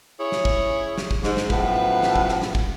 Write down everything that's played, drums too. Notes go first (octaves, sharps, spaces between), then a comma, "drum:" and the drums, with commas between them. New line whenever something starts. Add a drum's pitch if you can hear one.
C#4 E4 G#4 C#5
drum: snare
drum: kick
drum: snare
drum: kick
G#2, drum: snare
drum: snare
F#2 A2 F3 B3 B4, drum: kick
drum: snare
drum: kick
drum: snare
drum: snare
drum: kick